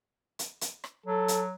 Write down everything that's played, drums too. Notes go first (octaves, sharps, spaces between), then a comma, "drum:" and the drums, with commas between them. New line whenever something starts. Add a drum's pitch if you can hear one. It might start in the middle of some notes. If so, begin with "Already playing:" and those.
drum: hi-hat
drum: hi-hat
drum: rim click
F#3 A4
drum: hi-hat